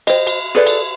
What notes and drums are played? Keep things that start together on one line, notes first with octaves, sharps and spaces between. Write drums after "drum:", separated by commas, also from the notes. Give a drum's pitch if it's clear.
C5 D#5, drum: cymbal
drum: cymbal
G#4 A4 B4 D5
drum: cymbal